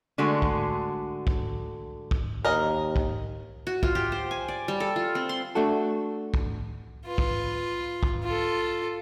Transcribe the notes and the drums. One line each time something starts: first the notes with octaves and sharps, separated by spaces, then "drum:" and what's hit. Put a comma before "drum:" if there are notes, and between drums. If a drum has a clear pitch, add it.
D3 G#3 A3 F#4 G#5
drum: kick
drum: kick
drum: kick
D#2 A#4 D#5
drum: kick
F#4
F4, drum: kick
G4
C5
G#5
D5
G3
A4
F4
C4
C6
A3 D4 F#4 A4
drum: kick
F4 B4
drum: kick
drum: kick
F4 A4